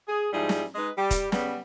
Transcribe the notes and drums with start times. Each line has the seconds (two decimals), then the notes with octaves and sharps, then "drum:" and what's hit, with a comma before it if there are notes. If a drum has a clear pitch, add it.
0.08 G#4
0.33 G#2 F3 G3 D#4 E4 G#4
0.49 drum: snare
0.75 G#3 D#4 G#4 B4 D#5
0.98 G3 G4
1.11 drum: kick, hi-hat
1.32 C#3 G3 B3, drum: snare